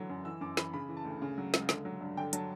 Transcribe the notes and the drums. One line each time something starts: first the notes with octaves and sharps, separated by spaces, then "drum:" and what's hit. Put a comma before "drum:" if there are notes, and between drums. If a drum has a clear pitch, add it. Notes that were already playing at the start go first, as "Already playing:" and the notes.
Already playing: D3 E3 F#3
F#2
E3 E6
F#2 D6
E3 B5, drum: snare
C#3 B5
E3
A5
D2
C#3
F#3
C#2, drum: snare
D3, drum: snare
F#3
G2
D3 G5
F#3 A5, drum: hi-hat